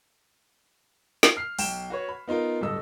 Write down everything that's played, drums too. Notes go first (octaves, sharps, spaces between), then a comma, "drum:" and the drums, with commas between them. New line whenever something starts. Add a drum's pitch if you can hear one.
drum: snare
F6 C7
B1 G5 E7, drum: open hi-hat
F#4 B4 C#5
B5
B3 D#4 F4 A#4
D1 G2 A4 D#5 E6